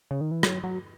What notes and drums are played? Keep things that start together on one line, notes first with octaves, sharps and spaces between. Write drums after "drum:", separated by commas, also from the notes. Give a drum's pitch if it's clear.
C#3
D#3
E3
F#3, drum: rim click
F#3